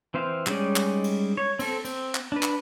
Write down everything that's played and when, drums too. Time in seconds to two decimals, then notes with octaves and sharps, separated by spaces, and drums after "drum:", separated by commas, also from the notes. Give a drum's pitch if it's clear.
0.14 E3 C4 C5 F5
0.46 G3 G#3 C#4 D#4 D5, drum: clap
0.76 drum: clap
1.04 drum: cymbal
1.37 C#5
1.59 C4 A4, drum: cymbal
1.85 C4, drum: cymbal
2.15 drum: clap
2.32 D4 B4
2.43 drum: clap